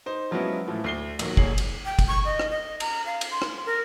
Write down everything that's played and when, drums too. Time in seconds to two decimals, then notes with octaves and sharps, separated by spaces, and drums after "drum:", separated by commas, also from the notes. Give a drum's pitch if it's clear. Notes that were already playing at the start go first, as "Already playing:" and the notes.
0.06 D#4 C5
0.31 F3 F#3 G#3 B3 C#4 E4
0.67 A2 E3 F3 A3
0.84 D2 C7 G7
1.19 A#1 D#3 F#3, drum: cymbal
1.37 D#1 G#4 C#5 C7 F#7, drum: kick
1.58 drum: cymbal
1.85 G5
1.99 drum: kick, cymbal
2.08 C#6
2.25 D#5
2.39 drum: rim click
2.50 D#5
2.80 A#5, drum: cymbal
3.06 F5
3.21 drum: cymbal
3.31 C6
3.42 drum: rim click
3.66 A#4